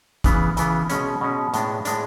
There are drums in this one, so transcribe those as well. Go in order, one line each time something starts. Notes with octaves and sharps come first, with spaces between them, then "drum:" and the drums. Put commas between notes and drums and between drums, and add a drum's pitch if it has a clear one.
C#3 E3 B3, drum: kick, hi-hat
C#3 E3 B3, drum: hi-hat
B2 G#3 C#4, drum: hi-hat
B2 G#3 C#4
A2 G#3 B3 D4, drum: hi-hat
A2 G#3 B3 D4, drum: hi-hat